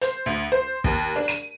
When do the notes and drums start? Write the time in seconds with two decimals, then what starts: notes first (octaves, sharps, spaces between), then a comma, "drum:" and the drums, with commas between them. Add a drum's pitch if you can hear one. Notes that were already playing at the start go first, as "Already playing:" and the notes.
0.02 C5, drum: hi-hat
0.26 D2
0.52 C5
0.84 D#2, drum: kick
1.16 D4
1.28 D#7, drum: hi-hat